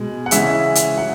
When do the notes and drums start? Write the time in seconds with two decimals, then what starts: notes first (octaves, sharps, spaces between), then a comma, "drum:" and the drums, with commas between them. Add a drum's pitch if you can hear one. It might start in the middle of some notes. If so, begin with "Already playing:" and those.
Already playing: B2 G#3
0.26 F#5
0.31 C#3 E3 G#3 E5, drum: hi-hat
0.75 drum: hi-hat
0.97 F#3 F#5